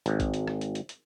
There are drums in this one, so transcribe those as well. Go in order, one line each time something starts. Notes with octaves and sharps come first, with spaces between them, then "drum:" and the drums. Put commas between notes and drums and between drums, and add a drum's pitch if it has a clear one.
G#1, drum: hi-hat
drum: kick A#1, hi-hat
drum: hi-hat
drum: rim click
drum: hi-hat
drum: hi-hat
drum: hi-hat